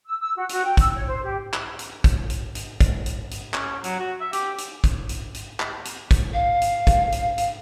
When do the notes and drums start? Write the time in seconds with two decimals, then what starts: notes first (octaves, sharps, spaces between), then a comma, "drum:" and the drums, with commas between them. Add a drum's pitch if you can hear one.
0.06 E6
0.19 E6
0.37 F#4
0.49 F#4, drum: hi-hat
0.64 G5
0.77 E6, drum: kick, hi-hat
0.95 C#5
1.07 C5
1.23 G4
1.53 drum: clap
1.79 drum: hi-hat
2.04 drum: kick, hi-hat
2.30 drum: hi-hat
2.55 drum: hi-hat
2.81 drum: kick, hi-hat
3.06 drum: hi-hat
3.31 drum: hi-hat
3.54 C#4, drum: clap
3.84 F#3, drum: hi-hat
4.00 F#4
4.21 E5
4.33 G4, drum: hi-hat
4.58 drum: hi-hat
4.84 drum: kick, hi-hat
5.09 drum: hi-hat
5.35 drum: hi-hat
5.60 drum: clap
5.85 drum: hi-hat
6.11 drum: kick, hi-hat
6.33 F5
6.62 drum: hi-hat
6.87 drum: kick, hi-hat
7.12 drum: hi-hat
7.38 drum: hi-hat